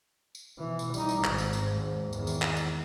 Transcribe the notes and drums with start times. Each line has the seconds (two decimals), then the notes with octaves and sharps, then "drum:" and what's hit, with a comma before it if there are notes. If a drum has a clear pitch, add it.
0.35 drum: tambourine
0.58 B2 E3
0.79 drum: tambourine
0.94 G3 D#4, drum: tambourine
1.09 drum: tambourine
1.24 G#1 G#2, drum: clap
1.38 drum: tambourine
1.53 drum: tambourine
1.74 D#2 G#2
2.13 E2 D#3, drum: tambourine
2.27 drum: tambourine
2.42 drum: clap
2.57 drum: tambourine